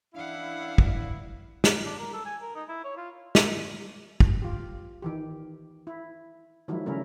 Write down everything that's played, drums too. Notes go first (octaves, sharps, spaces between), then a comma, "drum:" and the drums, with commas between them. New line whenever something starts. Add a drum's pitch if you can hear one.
E3 C#4 D4 E4 F5 F#5
drum: kick
drum: snare
D4
A#4
A4
G#5
A#4
D#4
E4
C#5
F4
drum: snare
drum: kick
F4 G4
D#3 E3 G4
E4
D#3 F3 F#3 G#3 E4
C#3 G3 A3 C#4 E4 A#4